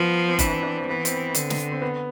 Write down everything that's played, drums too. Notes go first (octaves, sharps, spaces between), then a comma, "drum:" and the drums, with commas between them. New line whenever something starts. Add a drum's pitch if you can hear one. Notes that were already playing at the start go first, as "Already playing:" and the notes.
Already playing: F3 B3
C4
E3 D4, drum: kick F#1, hi-hat
D4
C4
E3 B3
C4, drum: hi-hat
D3, drum: hi-hat
drum: snare
C4
B3